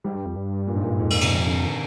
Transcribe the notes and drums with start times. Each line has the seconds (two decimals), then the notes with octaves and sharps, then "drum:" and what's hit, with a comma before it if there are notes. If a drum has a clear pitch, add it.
0.04 G#2 G3
0.16 G2
0.26 F2
0.36 G2
0.67 A#2
0.76 G#2
0.84 A#2
0.99 F2 G#2
1.10 A#2, drum: cymbal
1.21 C3, drum: cymbal
1.31 C3
1.47 D3
1.63 D#3